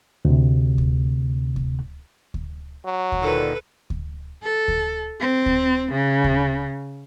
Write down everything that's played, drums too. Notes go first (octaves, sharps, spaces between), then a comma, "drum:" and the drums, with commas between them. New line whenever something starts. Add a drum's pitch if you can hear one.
D2 C3
drum: kick D2
drum: kick D2
drum: kick D2
F#3
drum: kick D2
A#2 D3 D#3 A4 B4
drum: kick D2
A4
drum: kick D2
C4
drum: kick D2
C#3
drum: kick D2